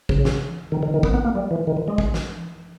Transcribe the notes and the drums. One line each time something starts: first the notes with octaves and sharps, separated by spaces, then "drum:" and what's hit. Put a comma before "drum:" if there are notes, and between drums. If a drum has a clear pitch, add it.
C#3, drum: kick
drum: snare
D#3
D#3
D#3
B3, drum: kick
B3
A#3
G3
E3
D#3
E3
G#3
drum: kick
drum: snare